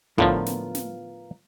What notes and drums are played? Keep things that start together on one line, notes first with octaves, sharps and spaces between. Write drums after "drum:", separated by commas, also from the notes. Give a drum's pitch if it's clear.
A2 D3 F3 B3 F4 A#4, drum: kick
drum: snare
drum: snare